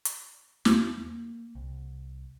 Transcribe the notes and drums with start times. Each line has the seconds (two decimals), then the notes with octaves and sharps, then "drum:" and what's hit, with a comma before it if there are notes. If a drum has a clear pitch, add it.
0.05 drum: hi-hat
0.65 E2, drum: snare
0.98 A#3
1.55 C2